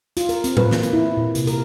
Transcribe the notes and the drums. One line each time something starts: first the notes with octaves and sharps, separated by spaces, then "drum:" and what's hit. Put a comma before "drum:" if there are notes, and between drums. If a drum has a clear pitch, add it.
F4, drum: hi-hat
A#4, drum: hi-hat
C4, drum: hi-hat
B4, drum: tom A2
A#3, drum: snare
drum: hi-hat
E4
A#2
C3, drum: hi-hat
A#4, drum: hi-hat